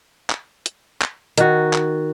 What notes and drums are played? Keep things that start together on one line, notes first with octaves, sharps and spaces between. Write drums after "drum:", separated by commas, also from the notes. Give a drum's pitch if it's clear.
drum: clap
drum: hi-hat
drum: clap
D#3 F#4, drum: hi-hat
drum: clap